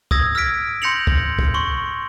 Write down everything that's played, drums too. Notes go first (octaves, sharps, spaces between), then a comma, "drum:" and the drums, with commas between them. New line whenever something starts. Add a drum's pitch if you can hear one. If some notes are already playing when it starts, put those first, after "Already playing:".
D#6 E6 G#6 A#6, drum: kick
E6 F6 G#6 B6 D7
C6 G6 A#6 C#7 F7 F#7
drum: kick
drum: kick
C6 C#6